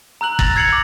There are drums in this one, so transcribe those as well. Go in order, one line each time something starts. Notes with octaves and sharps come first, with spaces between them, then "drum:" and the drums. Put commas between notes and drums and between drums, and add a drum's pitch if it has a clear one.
A#5 E6 F#6 F#7
A6 A#6 F7, drum: kick
E6 G#6 C7 C#7 F7 F#7
D6 A#6